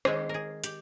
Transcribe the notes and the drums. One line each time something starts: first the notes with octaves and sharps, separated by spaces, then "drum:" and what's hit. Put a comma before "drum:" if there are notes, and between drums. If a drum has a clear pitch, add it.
D#3 G#3 C4 G#4, drum: rim click
G#4 A#4
G4, drum: hi-hat